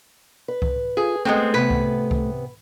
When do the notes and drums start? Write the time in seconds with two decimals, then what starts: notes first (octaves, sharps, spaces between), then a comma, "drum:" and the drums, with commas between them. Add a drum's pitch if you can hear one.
0.48 B4
0.62 drum: kick C2
0.97 F4 G#4
1.25 G#3 A3 B3 C4
1.54 C3 B3 B4
1.70 drum: kick C2
2.11 drum: kick C2